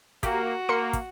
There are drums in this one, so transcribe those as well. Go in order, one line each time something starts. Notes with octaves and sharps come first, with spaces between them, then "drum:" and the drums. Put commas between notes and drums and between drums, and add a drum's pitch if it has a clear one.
A#3 F#4 G4, drum: kick, hi-hat
A#3 A#4 C6 C#7
drum: kick, hi-hat